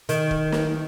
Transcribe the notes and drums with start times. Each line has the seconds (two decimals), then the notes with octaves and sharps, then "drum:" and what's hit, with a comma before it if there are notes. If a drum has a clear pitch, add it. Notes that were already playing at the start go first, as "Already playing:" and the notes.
0.09 D#3, drum: hi-hat
0.31 drum: kick D#1
0.52 drum: snare